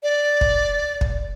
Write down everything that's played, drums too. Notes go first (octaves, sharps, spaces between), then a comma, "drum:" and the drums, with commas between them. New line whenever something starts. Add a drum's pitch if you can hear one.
D5
drum: kick
drum: kick